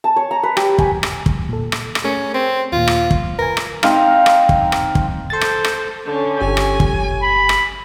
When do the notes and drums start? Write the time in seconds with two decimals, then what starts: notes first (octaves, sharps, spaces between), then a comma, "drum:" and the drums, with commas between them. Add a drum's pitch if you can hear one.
0.04 A5
0.16 C#5
0.31 A#5
0.43 B4
0.57 G4, drum: rim click
0.78 G#5, drum: kick
1.03 drum: rim click
1.26 drum: kick
1.49 A#2 A4
1.72 drum: rim click
1.95 drum: rim click
2.04 A3 C#4 G#4 A#4
2.34 C4
2.72 D#2 A#2 F4
2.87 drum: rim click
3.11 drum: kick
3.38 A#4 B4 G#5
3.57 drum: rim click
3.83 C4 D#4 F5, drum: rim click
4.26 drum: rim click
4.49 drum: kick
4.72 drum: rim click
4.95 drum: kick
5.30 A4 C5 C6 A6
5.41 drum: rim click
5.64 drum: rim click
6.05 D3 C#4
6.41 G1 G4 G#5
6.57 drum: rim click
6.80 drum: kick
7.22 B5
7.49 drum: rim click